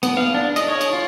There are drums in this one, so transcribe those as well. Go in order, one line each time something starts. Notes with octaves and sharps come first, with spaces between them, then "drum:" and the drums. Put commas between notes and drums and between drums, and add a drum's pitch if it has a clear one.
B3, drum: cymbal
F5
D4
D#5, drum: cymbal
C#5
drum: cymbal
F4